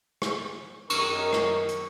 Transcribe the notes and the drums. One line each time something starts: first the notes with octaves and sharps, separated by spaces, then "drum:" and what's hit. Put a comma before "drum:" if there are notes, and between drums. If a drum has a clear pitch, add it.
drum: rim click
F#2 D#3 A#4 C#6, drum: cymbal
drum: rim click
drum: hi-hat